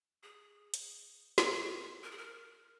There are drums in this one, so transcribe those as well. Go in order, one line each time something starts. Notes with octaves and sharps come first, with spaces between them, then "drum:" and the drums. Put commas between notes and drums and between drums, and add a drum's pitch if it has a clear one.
G#4
drum: hi-hat
drum: snare
A#4
G#4
A#4